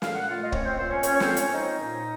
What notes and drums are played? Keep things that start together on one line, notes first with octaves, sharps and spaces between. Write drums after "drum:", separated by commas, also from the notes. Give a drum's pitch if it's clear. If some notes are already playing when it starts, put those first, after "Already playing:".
A#2 F5, drum: snare
F#5
A3 F4 F5
D#5
C4 C#4 C#5, drum: kick
C4 C5
A#2 C4 C5
C#4 C#5
A#2 C#4 C#5, drum: hi-hat
C#5
C4 C5, drum: snare
F3
C#4 C#5, drum: hi-hat
C4 D#4 D#5
A#2